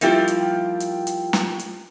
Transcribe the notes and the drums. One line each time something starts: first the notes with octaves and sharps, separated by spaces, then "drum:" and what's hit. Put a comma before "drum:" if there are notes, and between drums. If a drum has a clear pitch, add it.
F3 G3 A#3 E4 F4 G4, drum: hi-hat
drum: hi-hat
drum: hi-hat
drum: hi-hat
drum: snare
drum: hi-hat